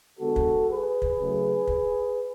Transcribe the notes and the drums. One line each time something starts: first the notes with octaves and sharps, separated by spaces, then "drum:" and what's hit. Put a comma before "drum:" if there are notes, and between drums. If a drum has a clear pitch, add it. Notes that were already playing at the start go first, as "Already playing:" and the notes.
D3 G#3 B3 F#4 A4
drum: kick
G#4 B4
drum: kick
C#3 F#3 A3
drum: kick